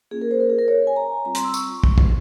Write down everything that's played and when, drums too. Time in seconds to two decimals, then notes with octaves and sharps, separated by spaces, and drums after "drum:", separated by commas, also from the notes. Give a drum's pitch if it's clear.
0.11 A#3 C#4 F4 G#4
0.21 A#4
0.31 C5
0.40 A#4
0.50 G#4
0.59 A#4
0.68 C#5
0.87 G#5
0.96 A#5
1.25 G3 C4 F4 A#5
1.35 C6, drum: hi-hat
1.44 E6
1.54 C#6, drum: tambourine
1.84 drum: kick
1.98 drum: kick